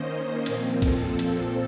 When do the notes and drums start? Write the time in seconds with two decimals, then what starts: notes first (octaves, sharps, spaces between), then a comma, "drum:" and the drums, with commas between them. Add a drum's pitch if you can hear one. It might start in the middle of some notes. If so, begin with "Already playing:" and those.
Already playing: D#3 A#3 C#4 C5 D#5
0.46 A#2 F3 C4, drum: cymbal
0.82 A4, drum: kick A#1, cymbal
1.19 drum: cymbal